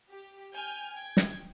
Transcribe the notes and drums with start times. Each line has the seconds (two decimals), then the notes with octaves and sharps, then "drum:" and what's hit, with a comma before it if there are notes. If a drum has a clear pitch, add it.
0.10 G4
0.53 G5 G#5 F6 G6
0.93 G5 G#6
1.17 drum: snare